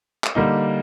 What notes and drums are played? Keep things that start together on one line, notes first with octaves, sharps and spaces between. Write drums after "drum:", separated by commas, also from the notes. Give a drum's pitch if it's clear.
drum: clap
D3 G3 A#3 D#4